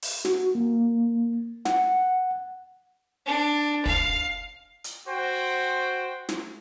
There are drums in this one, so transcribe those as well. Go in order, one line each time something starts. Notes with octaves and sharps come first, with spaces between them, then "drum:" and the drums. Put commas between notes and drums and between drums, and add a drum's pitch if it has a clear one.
drum: open hi-hat
F#4, drum: snare
A#3
F#5, drum: snare
D4
F5, drum: kick
drum: hi-hat
F#4 C5 G5
drum: snare